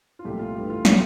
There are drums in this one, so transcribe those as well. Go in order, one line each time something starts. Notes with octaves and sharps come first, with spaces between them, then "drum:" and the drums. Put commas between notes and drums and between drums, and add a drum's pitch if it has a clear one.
F4
C2 A#2 A3 G4
F4
G2 E3 A3 G4
F4
E3 A3 F4, drum: snare